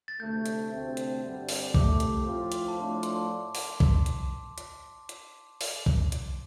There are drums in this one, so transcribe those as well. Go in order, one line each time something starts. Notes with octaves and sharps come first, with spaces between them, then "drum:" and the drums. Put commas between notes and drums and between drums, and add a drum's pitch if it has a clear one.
A6
D2 C3 A3 G6
drum: hi-hat
D2 C3 A3 C4
drum: hi-hat
G2 D3 G3 C4
drum: open hi-hat
C2 C3 A3 D6, drum: kick A#1
drum: hi-hat
A2 F3 C4 F4
drum: hi-hat
A5
A2 F3 A3 D4 F4 C6
D6
C6, drum: hi-hat
C6
drum: open hi-hat
drum: kick A#1
drum: hi-hat
drum: hi-hat
drum: hi-hat
drum: open hi-hat
drum: kick A#1
drum: hi-hat